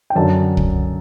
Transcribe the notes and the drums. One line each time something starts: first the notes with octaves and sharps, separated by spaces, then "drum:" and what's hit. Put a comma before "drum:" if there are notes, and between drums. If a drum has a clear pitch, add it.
G5
F#2 D3 F#3 A5
drum: kick